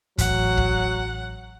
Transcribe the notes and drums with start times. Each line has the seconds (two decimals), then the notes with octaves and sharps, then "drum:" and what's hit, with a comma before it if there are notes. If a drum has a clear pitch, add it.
0.18 A1 F#3 F#5, drum: kick, hi-hat
0.57 drum: kick